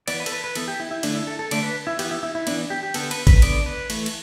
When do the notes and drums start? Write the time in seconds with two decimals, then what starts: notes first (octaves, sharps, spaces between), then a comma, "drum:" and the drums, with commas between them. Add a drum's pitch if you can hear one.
0.08 E3 B3 D5, drum: cymbal
0.20 B4
0.26 A4, drum: cymbal
0.32 B4
0.44 B4
0.55 E3 B3 A4, drum: cymbal
0.68 G4
0.80 E4
0.91 E4
1.03 D3 A3 D4, drum: cymbal
1.15 E4
1.27 A4
1.39 A4
1.51 D3 A3 D5, drum: cymbal
1.63 B4
1.87 E4
1.99 E3 B3 G4, drum: cymbal
2.11 E4
2.23 E4
2.35 E4
2.47 E3 B3 D4, drum: cymbal
2.70 G4
2.83 G4
2.94 D3 B3 A4, drum: cymbal
3.11 B4, drum: cymbal
3.27 B4, drum: kick G#1, cymbal
3.42 D3 B3 D5, drum: cymbal
3.66 B4
3.90 E3 A3, drum: cymbal
4.06 drum: cymbal